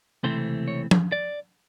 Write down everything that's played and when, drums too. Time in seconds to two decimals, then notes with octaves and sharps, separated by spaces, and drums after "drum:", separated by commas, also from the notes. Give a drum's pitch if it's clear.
0.23 C#2 C3 E3 A3 C4 C5
0.68 C#5
0.91 drum: tom
1.12 D5